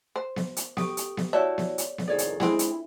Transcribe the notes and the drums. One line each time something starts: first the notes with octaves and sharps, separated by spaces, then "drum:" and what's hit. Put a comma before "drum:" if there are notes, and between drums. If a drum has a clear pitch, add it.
C5
drum: snare B3
drum: hi-hat
G4 A4 G5 D#6, drum: snare B3
drum: hi-hat
drum: snare B3
E4 F#4 C#5 D5 E5 A5
drum: snare B3
drum: hi-hat
drum: snare B3
C2 F2 D#3 G#4 A4 C#5 D5
drum: hi-hat
G#3 C4 D4 E4 F4, drum: snare B3
drum: hi-hat